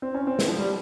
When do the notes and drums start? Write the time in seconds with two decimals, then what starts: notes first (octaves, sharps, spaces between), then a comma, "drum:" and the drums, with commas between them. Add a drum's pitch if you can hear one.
0.02 C4
0.14 C#4
0.27 C4
0.39 B3, drum: snare
0.48 F3
0.58 G3